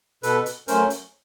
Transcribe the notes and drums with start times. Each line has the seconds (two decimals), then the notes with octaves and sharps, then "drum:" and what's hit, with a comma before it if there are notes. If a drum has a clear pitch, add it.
0.23 B2 A4 B4, drum: hi-hat
0.46 drum: hi-hat
0.68 F#3 A3 C#4 A#4 C5, drum: hi-hat
0.90 drum: hi-hat